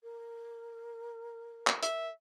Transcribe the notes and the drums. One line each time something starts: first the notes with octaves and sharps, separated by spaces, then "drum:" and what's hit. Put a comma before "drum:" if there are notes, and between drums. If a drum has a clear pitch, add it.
A#4
drum: clap
E5, drum: hi-hat